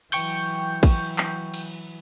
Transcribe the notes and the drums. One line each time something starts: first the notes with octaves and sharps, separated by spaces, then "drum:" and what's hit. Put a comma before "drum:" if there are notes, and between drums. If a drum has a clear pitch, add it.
E3 F#3 G5 C#6 G6, drum: cymbal
drum: kick, cymbal
drum: clap
drum: cymbal